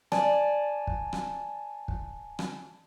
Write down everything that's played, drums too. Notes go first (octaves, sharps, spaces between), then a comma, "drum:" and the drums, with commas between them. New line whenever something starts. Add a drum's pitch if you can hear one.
D5 G#5 A5, drum: rim click
drum: kick
drum: rim click
drum: kick
drum: rim click